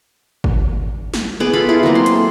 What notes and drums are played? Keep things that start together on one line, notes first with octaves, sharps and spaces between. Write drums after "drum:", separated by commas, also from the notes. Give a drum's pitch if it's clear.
drum: kick G#1
drum: snare
B3 G#4 D6
F4 A4 F5 B5
E4 G#4
F#3 G#3 A#3 C4
C6
drum: hi-hat
A4